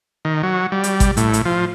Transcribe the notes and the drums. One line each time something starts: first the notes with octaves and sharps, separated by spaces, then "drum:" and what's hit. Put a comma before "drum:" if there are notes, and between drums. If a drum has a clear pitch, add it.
D#3
F#3
G3
drum: hi-hat
drum: kick G#1, hi-hat
A2, drum: hi-hat
drum: hi-hat
F3